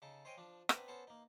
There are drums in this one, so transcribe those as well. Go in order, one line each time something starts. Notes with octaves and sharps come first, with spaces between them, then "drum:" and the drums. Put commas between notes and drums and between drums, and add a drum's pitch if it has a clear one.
C#3 D#4 A4
C5 C#5 D#5 F5 G5 G#5
F3 D4
B3 C4 D4 B4 A#5, drum: rim click
B3 C#4 A4 C5 C#5
A#3 D#4